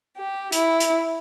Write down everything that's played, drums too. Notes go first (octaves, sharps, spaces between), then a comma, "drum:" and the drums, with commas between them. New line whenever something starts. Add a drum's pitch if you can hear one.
G4
E4, drum: hi-hat
drum: hi-hat